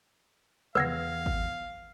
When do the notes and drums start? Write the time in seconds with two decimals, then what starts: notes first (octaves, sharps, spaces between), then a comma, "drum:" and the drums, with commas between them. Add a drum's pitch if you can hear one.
0.75 E2 B4 F5 F#5 E6 G#6 A#6, drum: tom C3
1.26 drum: kick G#1